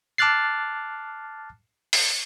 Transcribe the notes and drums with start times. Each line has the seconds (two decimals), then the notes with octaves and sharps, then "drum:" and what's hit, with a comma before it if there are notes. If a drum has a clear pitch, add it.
0.18 A5 D6 F6 F#6 A6 C7
1.93 drum: open hi-hat